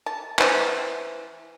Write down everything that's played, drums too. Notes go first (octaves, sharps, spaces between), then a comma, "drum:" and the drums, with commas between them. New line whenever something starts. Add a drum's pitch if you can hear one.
A5
E3 C5, drum: clap